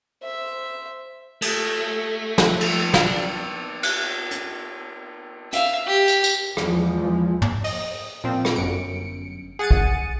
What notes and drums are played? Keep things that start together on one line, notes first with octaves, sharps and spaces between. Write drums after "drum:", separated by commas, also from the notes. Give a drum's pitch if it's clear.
C5 E5
A3, drum: cymbal
F3, drum: snare
drum: cymbal
D4, drum: snare
drum: cymbal
drum: hi-hat
E5 F5, drum: hi-hat
G4
drum: tambourine
drum: tambourine
E2 F3 G#3, drum: rim click
drum: tom
D#5, drum: open hi-hat
A#2 F3 C4
drum: rim click
G1 F#2 C#7 D7
G#4 F#5 A6 C#7 D#7
drum: kick